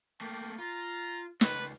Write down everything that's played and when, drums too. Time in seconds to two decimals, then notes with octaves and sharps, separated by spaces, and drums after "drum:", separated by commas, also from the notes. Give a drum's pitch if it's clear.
0.21 A3 A#3 G5
0.59 F4 A#5
1.41 C#2 B4, drum: snare